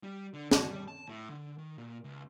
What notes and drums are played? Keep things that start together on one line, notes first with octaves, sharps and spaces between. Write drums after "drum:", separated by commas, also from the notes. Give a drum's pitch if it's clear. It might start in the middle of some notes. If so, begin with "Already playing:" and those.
G3
D3
F#4, drum: snare
G3
A5
A2
D3
D#3
A#2
C#2